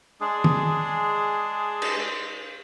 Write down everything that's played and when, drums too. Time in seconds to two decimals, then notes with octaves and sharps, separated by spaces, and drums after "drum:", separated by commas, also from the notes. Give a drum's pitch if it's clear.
0.21 G#3 D4 G#4
0.44 drum: tom D#3
1.82 drum: cymbal